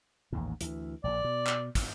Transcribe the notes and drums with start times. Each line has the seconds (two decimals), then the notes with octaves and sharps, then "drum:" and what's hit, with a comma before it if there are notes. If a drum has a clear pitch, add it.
0.32 A1 D#2 G#2
0.61 D2 E3, drum: hi-hat
1.04 A#1 A#2 D5
1.24 B2
1.47 drum: clap
1.75 drum: kick, hi-hat